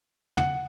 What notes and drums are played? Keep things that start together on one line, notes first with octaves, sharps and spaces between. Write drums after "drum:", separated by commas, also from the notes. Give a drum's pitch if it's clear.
F#5, drum: tom